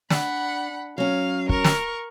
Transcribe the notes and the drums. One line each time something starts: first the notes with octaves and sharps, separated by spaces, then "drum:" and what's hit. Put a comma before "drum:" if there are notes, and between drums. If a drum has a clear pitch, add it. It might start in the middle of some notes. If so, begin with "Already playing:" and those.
D4 F#5 B5, drum: snare
F#3 C#4 F5
A#4 C#6, drum: kick
drum: snare